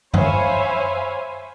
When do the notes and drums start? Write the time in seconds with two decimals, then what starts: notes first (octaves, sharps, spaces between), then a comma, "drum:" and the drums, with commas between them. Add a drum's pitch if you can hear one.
0.14 C5 C#5 E5 F5 G#5 B5, drum: tom F#2